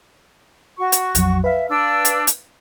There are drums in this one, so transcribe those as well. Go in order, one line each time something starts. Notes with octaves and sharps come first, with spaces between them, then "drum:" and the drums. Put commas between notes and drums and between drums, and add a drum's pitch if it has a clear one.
F#4 C#6
drum: hi-hat
A#1 F2 F#3, drum: hi-hat
B4 E5 F5
D4 E6
drum: hi-hat
drum: hi-hat